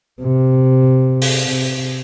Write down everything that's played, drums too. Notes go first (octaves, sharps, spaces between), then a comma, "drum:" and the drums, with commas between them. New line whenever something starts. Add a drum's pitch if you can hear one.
C3
drum: open hi-hat
C3